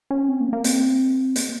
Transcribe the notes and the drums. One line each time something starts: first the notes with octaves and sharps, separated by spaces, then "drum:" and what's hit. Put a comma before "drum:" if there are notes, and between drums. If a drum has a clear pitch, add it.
C#4
C4
A#3
A#3
C4, drum: hi-hat
A#3, drum: hi-hat